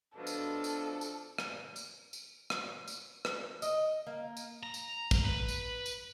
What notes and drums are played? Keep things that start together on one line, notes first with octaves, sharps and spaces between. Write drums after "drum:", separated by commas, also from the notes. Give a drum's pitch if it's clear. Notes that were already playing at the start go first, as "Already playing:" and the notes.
B2 F3 D4 A4
drum: tambourine
drum: tambourine
drum: tambourine
drum: rim click
drum: tambourine
drum: tambourine
drum: rim click
drum: tambourine
drum: rim click
D#5, drum: tambourine
A#3
drum: tambourine
A#5
drum: tambourine
drum: kick, tambourine
B4
drum: tambourine
drum: tambourine